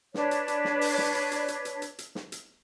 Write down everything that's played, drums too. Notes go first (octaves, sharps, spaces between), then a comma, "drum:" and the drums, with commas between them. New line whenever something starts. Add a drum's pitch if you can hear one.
D4 B4 C#5, drum: snare
drum: hi-hat
drum: hi-hat
drum: snare
drum: open hi-hat
drum: snare
drum: hi-hat
drum: hi-hat
drum: hi-hat
drum: hi-hat
drum: hi-hat
drum: hi-hat
drum: snare
drum: hi-hat